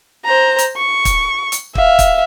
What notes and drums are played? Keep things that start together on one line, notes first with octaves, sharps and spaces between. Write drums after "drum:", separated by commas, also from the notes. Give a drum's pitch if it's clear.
C5 A#5
drum: hi-hat
C#6
drum: kick, hi-hat
drum: hi-hat
E5 F5, drum: kick
drum: kick, hi-hat